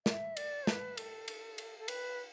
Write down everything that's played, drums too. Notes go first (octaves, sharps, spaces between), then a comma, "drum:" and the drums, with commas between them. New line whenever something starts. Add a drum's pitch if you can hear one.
E5, drum: snare
D5, drum: cymbal
B4, drum: snare
A4, drum: cymbal
drum: cymbal
drum: cymbal
A4
B4, drum: cymbal